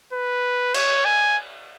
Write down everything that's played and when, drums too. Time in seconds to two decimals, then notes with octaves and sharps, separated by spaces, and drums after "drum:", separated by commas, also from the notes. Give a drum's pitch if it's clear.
0.13 B4
0.74 C#5, drum: cymbal
1.05 G#5